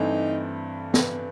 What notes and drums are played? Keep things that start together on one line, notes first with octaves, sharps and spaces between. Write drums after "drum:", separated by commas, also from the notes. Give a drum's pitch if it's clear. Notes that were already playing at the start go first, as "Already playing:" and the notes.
Already playing: G2 E3 A3 C4 D#4
A4, drum: snare
B4